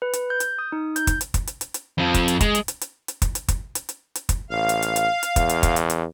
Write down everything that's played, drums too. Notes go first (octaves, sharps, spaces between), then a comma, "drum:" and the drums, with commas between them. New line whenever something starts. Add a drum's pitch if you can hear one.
B4
drum: hi-hat
G6
drum: hi-hat
D#6
D#4
G6, drum: hi-hat
drum: kick, hi-hat
drum: hi-hat
drum: kick, hi-hat
drum: hi-hat
drum: hi-hat
drum: hi-hat
F2 F3
drum: kick, hi-hat
drum: hi-hat
G#3, drum: kick, hi-hat
drum: hi-hat
drum: hi-hat
drum: hi-hat
drum: hi-hat
drum: kick, hi-hat
drum: hi-hat
drum: kick, hi-hat
drum: hi-hat
drum: hi-hat
drum: hi-hat
drum: kick, hi-hat
A1 F5
drum: hi-hat
drum: hi-hat
drum: hi-hat
drum: hi-hat
E2, drum: kick, hi-hat
drum: hi-hat
drum: kick, hi-hat
drum: hi-hat
drum: hi-hat